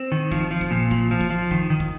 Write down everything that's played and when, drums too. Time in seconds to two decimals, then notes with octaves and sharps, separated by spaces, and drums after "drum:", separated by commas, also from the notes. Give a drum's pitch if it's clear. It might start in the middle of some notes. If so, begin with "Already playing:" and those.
Already playing: C4
0.12 D#3
0.32 F3, drum: kick
0.51 F3
0.61 drum: kick
0.71 A#2
0.91 F3, drum: kick
1.11 F3
1.21 drum: kick
1.30 F3
1.51 D#3, drum: kick
1.70 D#3
1.80 drum: kick